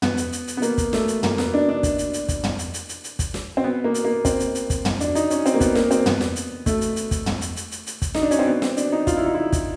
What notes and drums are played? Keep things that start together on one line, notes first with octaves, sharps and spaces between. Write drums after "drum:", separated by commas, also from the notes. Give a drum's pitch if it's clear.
B3, drum: tom
drum: hi-hat
drum: hi-hat
drum: hi-hat
B3
A#3, drum: hi-hat
drum: kick, hi-hat
A3, drum: snare
drum: hi-hat
A#3, drum: tom
B3, drum: snare
D4
D4
drum: kick, hi-hat
drum: hi-hat
drum: hi-hat
drum: kick, hi-hat
drum: tom
drum: hi-hat
drum: hi-hat
drum: hi-hat
drum: hi-hat
drum: kick, hi-hat
drum: snare
C4
B3
A#3
drum: hi-hat
A#3
C4, drum: kick, hi-hat
drum: hi-hat
drum: hi-hat
drum: kick, hi-hat
drum: tom
D4, drum: hi-hat
D#4, drum: hi-hat
C#4, drum: hi-hat
C4, drum: hi-hat
A#3
B3, drum: kick, hi-hat
A#3, drum: snare
C4, drum: hi-hat
B3, drum: tom
drum: snare
drum: hi-hat
A3, drum: kick, hi-hat
drum: hi-hat
drum: hi-hat
drum: kick, hi-hat
drum: tom
drum: hi-hat
drum: hi-hat
drum: hi-hat
drum: hi-hat
drum: kick, hi-hat
D#4, drum: snare
D4
C#4, drum: hi-hat
C4
B3
C4, drum: snare
D4, drum: hi-hat
D#4
F4, drum: kick, hi-hat
E4
D#4
E4
drum: kick, hi-hat